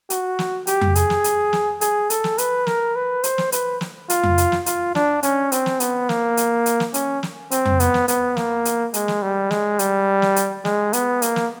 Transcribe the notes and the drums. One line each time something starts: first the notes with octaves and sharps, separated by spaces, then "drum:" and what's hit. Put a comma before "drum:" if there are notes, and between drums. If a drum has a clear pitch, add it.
F#4, drum: hi-hat
drum: snare
G4, drum: hi-hat
drum: tom F2
G#4, drum: hi-hat
drum: snare
drum: hi-hat
drum: snare
G#4, drum: hi-hat
A4, drum: hi-hat
drum: snare
B4, drum: hi-hat
A#4, drum: snare
B4
C5, drum: hi-hat
drum: snare
B4, drum: hi-hat
drum: snare
F4, drum: hi-hat
drum: tom F2
drum: hi-hat
drum: snare
F4, drum: hi-hat
D4, drum: snare
C#4, drum: hi-hat
C4, drum: hi-hat
drum: snare
B3, drum: hi-hat
A#3, drum: snare
drum: hi-hat
drum: hi-hat
drum: snare
C#4, drum: hi-hat
drum: snare
C4, drum: hi-hat
drum: tom F2
B3, drum: hi-hat
drum: snare
B3, drum: hi-hat
A#3, drum: snare
drum: hi-hat
G#3, drum: hi-hat
drum: snare
G3
G#3, drum: snare
G3, drum: hi-hat
drum: snare
drum: hi-hat
G#3, drum: snare
B3, drum: hi-hat
A#3, drum: hi-hat
drum: snare